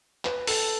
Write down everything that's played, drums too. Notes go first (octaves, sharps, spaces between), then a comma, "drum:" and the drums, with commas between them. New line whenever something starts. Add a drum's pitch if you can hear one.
B4, drum: clap
A4, drum: open hi-hat